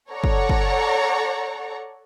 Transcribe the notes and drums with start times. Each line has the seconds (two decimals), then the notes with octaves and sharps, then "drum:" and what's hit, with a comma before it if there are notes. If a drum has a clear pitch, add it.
0.11 A4 C#5 D5 F#5 A#5 C#6
0.24 drum: kick
0.49 drum: kick